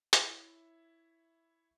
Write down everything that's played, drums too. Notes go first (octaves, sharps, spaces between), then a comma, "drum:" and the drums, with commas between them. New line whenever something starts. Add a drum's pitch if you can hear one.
E4 C#5 E5, drum: hi-hat